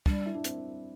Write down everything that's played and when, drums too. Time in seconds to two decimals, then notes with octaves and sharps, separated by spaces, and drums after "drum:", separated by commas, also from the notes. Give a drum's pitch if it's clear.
0.06 G3 D4, drum: kick
0.26 E4
0.35 D4
0.44 C4, drum: hi-hat